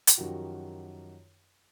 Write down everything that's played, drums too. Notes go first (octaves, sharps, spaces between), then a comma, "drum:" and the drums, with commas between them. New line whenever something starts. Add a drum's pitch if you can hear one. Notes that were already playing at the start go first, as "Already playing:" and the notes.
drum: hi-hat
F#2 D#3 F3 F#4 G4